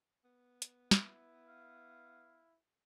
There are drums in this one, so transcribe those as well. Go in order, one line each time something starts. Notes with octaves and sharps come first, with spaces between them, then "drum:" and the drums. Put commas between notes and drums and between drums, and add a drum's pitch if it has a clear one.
B3
drum: hi-hat
E4, drum: snare
F5